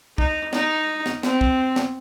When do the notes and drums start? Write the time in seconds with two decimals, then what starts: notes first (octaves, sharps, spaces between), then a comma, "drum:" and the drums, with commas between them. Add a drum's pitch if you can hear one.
0.18 D#4, drum: kick
0.53 D#4, drum: snare
1.06 drum: snare
1.23 C4, drum: snare
1.41 drum: kick
1.76 drum: snare